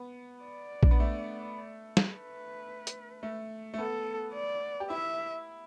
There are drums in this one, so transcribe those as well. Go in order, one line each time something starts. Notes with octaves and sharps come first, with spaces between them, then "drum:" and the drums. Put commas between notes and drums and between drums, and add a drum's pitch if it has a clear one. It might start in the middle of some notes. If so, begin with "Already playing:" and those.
Already playing: B3
D5
D4, drum: kick A#1
B3
A3
drum: snare
B4
drum: hi-hat
A3
A3
B3 A4
D5
G4
E4 E5